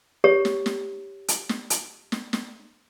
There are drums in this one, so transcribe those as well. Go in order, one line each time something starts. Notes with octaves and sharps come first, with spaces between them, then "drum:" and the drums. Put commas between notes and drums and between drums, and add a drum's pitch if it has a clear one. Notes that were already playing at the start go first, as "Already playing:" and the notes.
G4 C#5
drum: snare
drum: snare
drum: hi-hat
drum: snare
drum: hi-hat
drum: snare
drum: snare